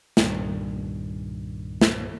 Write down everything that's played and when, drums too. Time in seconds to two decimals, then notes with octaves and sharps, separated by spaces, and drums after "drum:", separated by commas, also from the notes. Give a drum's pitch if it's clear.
0.17 C2 G2 A#2 D#3 G3, drum: snare
1.81 drum: snare